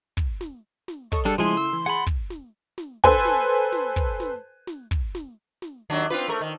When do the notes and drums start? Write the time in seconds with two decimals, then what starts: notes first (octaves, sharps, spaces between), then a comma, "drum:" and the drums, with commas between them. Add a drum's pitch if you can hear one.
0.17 drum: kick
0.41 drum: snare
0.88 drum: snare
1.12 A4 C#5 D#5 C#6, drum: kick
1.25 G3 G#3 D4 A4
1.38 C#3 F3 G#3 A3 E4 G#4 C6, drum: snare
1.57 E6
1.73 E3
1.86 G#4 F#5 G#5 B5 A6
2.07 drum: kick
2.30 drum: snare
2.78 drum: snare
3.04 A4 B4 C5 G#5, drum: kick
3.25 drum: snare
3.72 drum: snare
3.96 drum: kick
4.20 drum: snare
4.67 drum: snare
4.91 drum: kick
5.15 drum: snare
5.62 drum: snare
5.90 D#2 F#3 D4
6.10 C4 F4 B4, drum: snare
6.28 A3 A#4
6.41 D#3